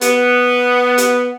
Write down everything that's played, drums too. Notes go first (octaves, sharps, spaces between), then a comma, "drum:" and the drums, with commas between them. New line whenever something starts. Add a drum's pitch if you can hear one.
B3, drum: hi-hat
drum: hi-hat